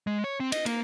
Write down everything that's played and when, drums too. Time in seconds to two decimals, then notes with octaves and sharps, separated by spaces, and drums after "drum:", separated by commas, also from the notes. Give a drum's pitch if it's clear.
0.07 G#3
0.24 C#5
0.40 C4
0.52 D#5, drum: cymbal
0.66 A#3, drum: cymbal